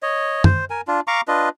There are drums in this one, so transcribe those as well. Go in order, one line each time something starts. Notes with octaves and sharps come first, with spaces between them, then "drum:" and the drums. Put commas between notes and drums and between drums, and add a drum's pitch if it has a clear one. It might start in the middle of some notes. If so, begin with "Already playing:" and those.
C#5 D#5
C5, drum: tom F#2
A#4 G#5
D4 F4
F5 A#5 C#6 D6
D4 F4 B4 D#5